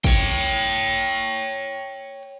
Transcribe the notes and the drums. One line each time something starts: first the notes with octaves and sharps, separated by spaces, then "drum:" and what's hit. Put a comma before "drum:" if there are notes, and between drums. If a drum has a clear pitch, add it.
C#5 G5, drum: kick
drum: hi-hat